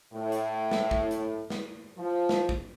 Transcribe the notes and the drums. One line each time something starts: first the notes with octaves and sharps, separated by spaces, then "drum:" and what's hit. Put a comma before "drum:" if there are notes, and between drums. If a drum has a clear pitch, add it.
A2
drum: hi-hat
drum: snare
drum: kick A1
drum: hi-hat
drum: snare
F3
drum: snare
drum: kick A1